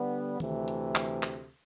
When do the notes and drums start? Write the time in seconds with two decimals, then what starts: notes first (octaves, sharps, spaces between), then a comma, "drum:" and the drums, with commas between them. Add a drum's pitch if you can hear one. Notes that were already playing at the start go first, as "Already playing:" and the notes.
Already playing: D3 G3 B3 D4
0.40 D2 C3 E3 A3, drum: tom D#3
0.68 drum: hi-hat
0.95 drum: clap
1.23 drum: clap